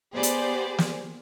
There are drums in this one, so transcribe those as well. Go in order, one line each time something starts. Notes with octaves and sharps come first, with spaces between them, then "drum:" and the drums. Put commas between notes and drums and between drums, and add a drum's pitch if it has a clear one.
B3 G4 G#4 C5 D5
drum: hi-hat
drum: snare